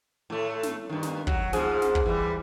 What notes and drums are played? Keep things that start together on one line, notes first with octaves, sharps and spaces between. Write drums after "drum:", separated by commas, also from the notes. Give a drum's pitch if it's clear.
A2 A3
drum: snare
G2 D#3
drum: snare
F#3, drum: kick
G#2 F3 G#4, drum: snare
drum: snare
drum: kick
E3 G3